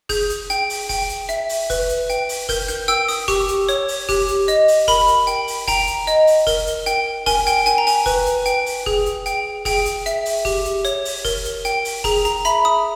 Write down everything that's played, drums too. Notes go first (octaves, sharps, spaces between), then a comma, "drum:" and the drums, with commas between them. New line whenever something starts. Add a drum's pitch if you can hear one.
G#4 G6, drum: kick F1, open hi-hat
drum: hi-hat
G5, drum: hi-hat
drum: open hi-hat
G5, drum: kick F1, open hi-hat
drum: hi-hat
E5, drum: hi-hat
drum: open hi-hat
B4, drum: kick F1, open hi-hat
drum: hi-hat
G5, drum: hi-hat
drum: open hi-hat
A#4 G6, drum: kick F1, open hi-hat
G6, drum: hi-hat
G5 E6, drum: hi-hat
D#6, drum: open hi-hat
G4 C#6, drum: kick F1, open hi-hat
drum: hi-hat
C#5, drum: hi-hat
drum: open hi-hat
G4, drum: kick F1, open hi-hat
drum: hi-hat
D#5, drum: hi-hat
drum: open hi-hat
A#4 B5, drum: kick F1, open hi-hat
drum: hi-hat
G5, drum: hi-hat
drum: open hi-hat
G5 A#5, drum: kick F1, open hi-hat
drum: hi-hat
D#5, drum: hi-hat
drum: open hi-hat
A#4, drum: kick F1, open hi-hat
drum: hi-hat
G5, drum: hi-hat
A#4 G#5, drum: kick F1, open hi-hat
G5, drum: hi-hat
G5 G#5, drum: hi-hat
A#5
G#5, drum: open hi-hat
B4, drum: kick F1, open hi-hat
drum: hi-hat
G5, drum: hi-hat
drum: open hi-hat
G#4, drum: kick F1
drum: hi-hat
G5, drum: hi-hat
G#4 G5, drum: kick F1, open hi-hat
drum: hi-hat
E5, drum: hi-hat
drum: open hi-hat
G4, drum: kick F1, open hi-hat
drum: hi-hat
C#5, drum: hi-hat
drum: open hi-hat
A#4, drum: kick F1, open hi-hat
drum: hi-hat
G5, drum: hi-hat
drum: open hi-hat
G#4 A#5, drum: kick F1, open hi-hat
A#5, drum: hi-hat
E5 B5, drum: hi-hat
D#6